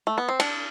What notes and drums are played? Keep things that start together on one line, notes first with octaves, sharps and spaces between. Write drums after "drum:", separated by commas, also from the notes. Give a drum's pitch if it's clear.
A3
B3
C4
D4, drum: cymbal